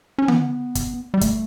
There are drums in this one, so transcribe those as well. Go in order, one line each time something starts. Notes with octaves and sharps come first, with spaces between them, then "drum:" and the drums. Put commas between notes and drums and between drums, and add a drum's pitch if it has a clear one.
C#4
B3, drum: tom D3
drum: kick, hi-hat
G3
A3, drum: kick, hi-hat